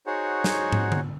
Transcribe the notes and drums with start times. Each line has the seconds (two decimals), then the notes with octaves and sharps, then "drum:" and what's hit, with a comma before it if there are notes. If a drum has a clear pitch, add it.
0.06 D#4 F#4 G#4 C5 C#5 F#5
0.44 drum: snare
0.72 drum: tom
0.92 drum: tom D3